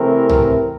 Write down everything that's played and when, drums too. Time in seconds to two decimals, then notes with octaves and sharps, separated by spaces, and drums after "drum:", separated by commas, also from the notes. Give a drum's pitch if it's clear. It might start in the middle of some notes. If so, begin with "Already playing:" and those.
Already playing: C3 E3 A3 C4 A#4
0.29 drum: tom C2